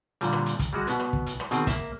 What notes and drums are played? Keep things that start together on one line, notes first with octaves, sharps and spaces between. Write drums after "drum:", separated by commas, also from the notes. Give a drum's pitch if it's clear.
A#2 D3 F3 G3, drum: hi-hat
drum: rim click
drum: hi-hat
drum: kick, hi-hat
G3 G#3 F#4
B2 B3, drum: hi-hat
drum: rim click
drum: kick
drum: hi-hat
drum: rim click
B2 D#3 C4 G#4, drum: hi-hat
A#3 E5, drum: kick, hi-hat